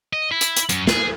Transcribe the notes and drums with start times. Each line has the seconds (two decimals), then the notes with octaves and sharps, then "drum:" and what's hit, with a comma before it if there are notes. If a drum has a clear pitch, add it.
0.13 D#5
0.32 E4
0.41 drum: hi-hat
0.56 drum: hi-hat
0.69 F#2, drum: hi-hat
0.87 G#4, drum: snare